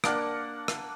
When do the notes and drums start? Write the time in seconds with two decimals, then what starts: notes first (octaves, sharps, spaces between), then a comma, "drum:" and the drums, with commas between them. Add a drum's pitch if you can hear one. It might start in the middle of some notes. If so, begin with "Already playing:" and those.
0.04 A#3 D4 A#4 F#5, drum: rim click
0.68 drum: rim click